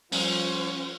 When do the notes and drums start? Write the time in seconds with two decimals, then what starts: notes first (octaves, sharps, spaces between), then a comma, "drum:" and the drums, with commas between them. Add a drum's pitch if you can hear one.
0.12 F3 G3 C#4 F4 C5, drum: open hi-hat